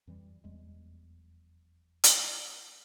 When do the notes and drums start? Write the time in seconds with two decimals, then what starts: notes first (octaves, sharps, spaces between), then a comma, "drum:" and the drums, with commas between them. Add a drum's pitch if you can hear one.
0.07 F2 E3 G3
0.44 F1 E2 G3 G#3
2.04 drum: hi-hat